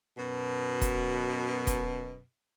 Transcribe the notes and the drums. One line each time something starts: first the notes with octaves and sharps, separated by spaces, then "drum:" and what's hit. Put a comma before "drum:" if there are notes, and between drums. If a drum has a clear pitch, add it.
F#2 B2
drum: kick, hi-hat
drum: kick, hi-hat